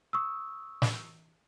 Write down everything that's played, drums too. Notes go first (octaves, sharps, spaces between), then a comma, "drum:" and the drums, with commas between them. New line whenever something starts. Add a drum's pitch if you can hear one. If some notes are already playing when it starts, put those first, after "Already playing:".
C#6 D#6 E6
drum: snare